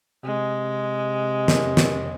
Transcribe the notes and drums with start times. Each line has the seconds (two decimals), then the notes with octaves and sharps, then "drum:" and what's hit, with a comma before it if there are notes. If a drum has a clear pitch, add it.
0.25 C3 G#3
1.48 drum: snare
1.77 drum: snare